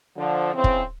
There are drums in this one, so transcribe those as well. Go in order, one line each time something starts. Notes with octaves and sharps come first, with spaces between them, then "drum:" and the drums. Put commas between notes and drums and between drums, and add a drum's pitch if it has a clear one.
D3 F3
C#3 E3 C4
drum: kick